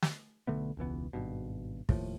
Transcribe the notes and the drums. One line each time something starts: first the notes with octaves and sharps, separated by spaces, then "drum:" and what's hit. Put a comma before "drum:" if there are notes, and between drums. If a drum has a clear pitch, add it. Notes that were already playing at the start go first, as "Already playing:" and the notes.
drum: snare
B1 D3 A3 B3
E1 C#2 E3 B3
G#1 G2 B2
D#2 A2 F3, drum: kick